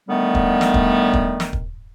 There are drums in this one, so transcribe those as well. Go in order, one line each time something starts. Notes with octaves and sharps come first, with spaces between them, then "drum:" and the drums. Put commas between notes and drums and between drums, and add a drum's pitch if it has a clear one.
D3 D#3 G3 A3 B3
drum: kick
drum: snare
drum: kick
drum: kick
drum: snare
drum: kick